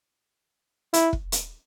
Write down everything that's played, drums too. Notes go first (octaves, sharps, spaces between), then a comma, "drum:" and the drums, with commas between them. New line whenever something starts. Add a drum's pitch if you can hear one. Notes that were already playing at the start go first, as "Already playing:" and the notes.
E4, drum: hi-hat
drum: kick
drum: hi-hat